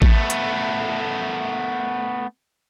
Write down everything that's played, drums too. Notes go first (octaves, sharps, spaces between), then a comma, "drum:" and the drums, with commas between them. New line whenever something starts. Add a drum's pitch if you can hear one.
A3 B3, drum: kick A1
drum: hi-hat